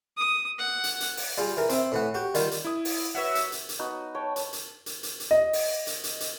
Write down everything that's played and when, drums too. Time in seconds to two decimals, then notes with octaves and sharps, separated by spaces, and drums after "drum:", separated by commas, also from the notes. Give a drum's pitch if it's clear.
0.17 D#6
0.59 F#5
0.84 drum: hi-hat
1.00 drum: hi-hat
1.17 drum: open hi-hat
1.38 G3 F4 G#4
1.57 E3 A#4
1.69 C4 E5, drum: hi-hat
1.92 A2 E3 F#5
2.14 F#4 G4
2.35 D#3 G3 F4, drum: hi-hat
2.51 drum: hi-hat
2.65 E4 D#6
2.85 drum: open hi-hat
3.15 F#4 B4 C#5 E5 F#5
3.35 drum: hi-hat
3.52 drum: hi-hat
3.69 drum: hi-hat
3.79 B3 D#4 F#4
4.15 C#5 G5 A5
4.36 drum: hi-hat
4.53 drum: hi-hat
4.86 drum: hi-hat
5.03 drum: hi-hat
5.20 drum: hi-hat
5.31 D#5
5.53 drum: open hi-hat
5.87 drum: hi-hat
6.04 drum: hi-hat
6.20 drum: hi-hat